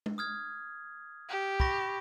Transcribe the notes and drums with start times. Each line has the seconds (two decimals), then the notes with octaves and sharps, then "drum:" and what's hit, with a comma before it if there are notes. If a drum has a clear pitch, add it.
0.06 drum: tom G#3
0.18 D#6 F6 G#6
1.29 G4
1.60 B5 C#6 A#6, drum: kick